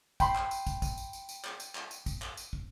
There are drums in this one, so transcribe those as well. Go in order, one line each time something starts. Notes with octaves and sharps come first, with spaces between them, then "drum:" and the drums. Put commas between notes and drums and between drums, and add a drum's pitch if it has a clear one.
G5 B5 C6, drum: kick, tambourine
drum: clap
drum: tambourine
drum: kick, tambourine
drum: kick, tambourine
drum: tambourine
drum: tambourine
drum: tambourine
drum: clap
drum: tambourine
drum: clap
drum: tambourine
drum: kick, tambourine
drum: clap
drum: tambourine
drum: kick